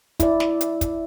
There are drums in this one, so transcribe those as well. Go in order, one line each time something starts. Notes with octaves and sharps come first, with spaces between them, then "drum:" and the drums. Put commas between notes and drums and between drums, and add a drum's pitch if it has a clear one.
E4 D5, drum: kick, hi-hat
drum: snare
drum: hi-hat
drum: kick, hi-hat